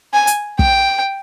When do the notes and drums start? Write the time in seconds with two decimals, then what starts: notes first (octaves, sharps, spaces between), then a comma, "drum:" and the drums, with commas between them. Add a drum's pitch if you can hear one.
0.14 G#5
0.27 drum: hi-hat
0.59 G5, drum: kick